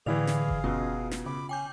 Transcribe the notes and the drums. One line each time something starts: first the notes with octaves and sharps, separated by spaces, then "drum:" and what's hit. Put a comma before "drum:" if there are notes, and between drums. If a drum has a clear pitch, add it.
A2 D3 E3 E4 G#4 D5 F5 F7
drum: snare
drum: kick G1
F#1 B2 C#4 F4
drum: snare
C#3 B5 D6
C#4 G5 D6 G6